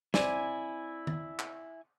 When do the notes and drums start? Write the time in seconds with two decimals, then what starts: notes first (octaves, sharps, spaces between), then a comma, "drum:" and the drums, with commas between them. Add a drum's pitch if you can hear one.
0.14 C4 E4 D5 G#5, drum: snare
1.07 drum: tom D#3
1.39 drum: clap